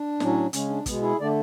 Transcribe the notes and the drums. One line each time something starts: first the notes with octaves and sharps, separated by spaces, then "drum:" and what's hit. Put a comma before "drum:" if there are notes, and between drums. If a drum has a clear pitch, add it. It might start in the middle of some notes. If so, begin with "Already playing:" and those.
Already playing: D4
A2 F#3 C#4, drum: snare
C#3 G#3 C#4, drum: hi-hat
D4
B2 G#3 B3, drum: kick, hi-hat
E4 G#4
D3 A3 D5